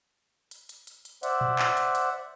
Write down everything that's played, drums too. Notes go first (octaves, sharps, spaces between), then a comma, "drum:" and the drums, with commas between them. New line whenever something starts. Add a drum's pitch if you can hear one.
drum: hi-hat
drum: hi-hat
drum: hi-hat
drum: hi-hat
C5 D5 E5 F#5, drum: hi-hat
drum: tom A#2
drum: clap
drum: hi-hat
drum: hi-hat